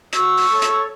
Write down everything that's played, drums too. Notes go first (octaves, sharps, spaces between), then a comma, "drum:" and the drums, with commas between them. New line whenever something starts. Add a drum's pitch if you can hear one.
F#4 C#6 E6, drum: hi-hat
drum: open hi-hat
A4 C#5
drum: hi-hat